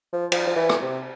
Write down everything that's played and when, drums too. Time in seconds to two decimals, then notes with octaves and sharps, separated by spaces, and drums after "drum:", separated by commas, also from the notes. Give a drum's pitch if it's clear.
0.13 F3
0.32 F3, drum: cymbal
0.47 F3
0.56 E3
0.69 drum: rim click
0.82 C3